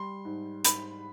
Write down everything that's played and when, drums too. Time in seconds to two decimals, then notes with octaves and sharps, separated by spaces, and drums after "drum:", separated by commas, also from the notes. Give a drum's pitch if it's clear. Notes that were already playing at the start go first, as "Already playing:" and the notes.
Already playing: G3 C6
0.25 G#2
0.65 G#2 B5, drum: hi-hat